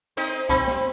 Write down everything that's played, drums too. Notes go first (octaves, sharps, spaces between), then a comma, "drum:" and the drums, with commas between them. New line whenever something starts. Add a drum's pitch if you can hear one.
C4 D#4 D#5
C4 B5, drum: kick C2
drum: snare